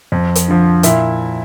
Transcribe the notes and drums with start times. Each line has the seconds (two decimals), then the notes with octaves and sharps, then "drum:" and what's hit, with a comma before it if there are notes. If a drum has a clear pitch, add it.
0.12 F2
0.35 drum: hi-hat
0.48 D3 F3
0.83 A#2 E4 E5, drum: hi-hat